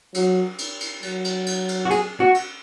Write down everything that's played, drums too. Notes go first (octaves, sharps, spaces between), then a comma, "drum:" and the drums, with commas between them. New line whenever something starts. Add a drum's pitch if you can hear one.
F#3, drum: cymbal
drum: cymbal
drum: cymbal
F#3, drum: cymbal
drum: cymbal
drum: cymbal
drum: cymbal
F#4
G#4, drum: cymbal
F#4
drum: cymbal